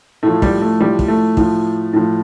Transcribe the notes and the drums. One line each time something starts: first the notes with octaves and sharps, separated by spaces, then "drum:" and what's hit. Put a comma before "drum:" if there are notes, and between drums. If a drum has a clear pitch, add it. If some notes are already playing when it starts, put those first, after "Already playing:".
A2 F3 A3
G3, drum: kick
A3
A2 F3 G3
drum: kick
A3
A2 F3, drum: kick
A2 F3